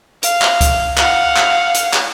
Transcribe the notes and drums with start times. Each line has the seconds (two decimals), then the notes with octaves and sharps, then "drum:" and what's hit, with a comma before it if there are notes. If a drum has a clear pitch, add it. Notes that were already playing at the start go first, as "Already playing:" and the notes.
0.23 F5, drum: hi-hat
0.42 drum: clap
0.61 drum: kick C#2, hi-hat
0.98 F5 F#5, drum: clap
1.36 drum: clap
1.74 drum: hi-hat
1.93 drum: clap